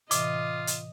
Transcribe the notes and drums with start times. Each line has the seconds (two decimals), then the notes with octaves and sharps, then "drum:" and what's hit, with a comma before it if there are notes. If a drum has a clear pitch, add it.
0.11 A2 C3 E3 F4 D#5 D6, drum: hi-hat
0.67 drum: hi-hat